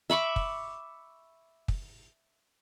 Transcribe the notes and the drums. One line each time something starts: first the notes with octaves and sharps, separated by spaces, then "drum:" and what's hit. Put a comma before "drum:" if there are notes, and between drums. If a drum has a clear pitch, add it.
E5 B5 C#6 D6
drum: kick
drum: kick